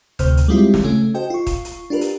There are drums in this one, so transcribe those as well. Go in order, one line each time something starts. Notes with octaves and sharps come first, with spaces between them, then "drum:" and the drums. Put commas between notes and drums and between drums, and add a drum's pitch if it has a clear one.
D2 C3 C5 F6 G6, drum: kick D#1, hi-hat
drum: hi-hat
G3 G#3 C4 E4 F4 G4
drum: snare
C#3 A3 C#4
F#4 A4 C5 D#5 G5
F4 C#6
drum: kick D#1, hi-hat
drum: hi-hat
D4 F4 G4 A#4 B4
drum: hi-hat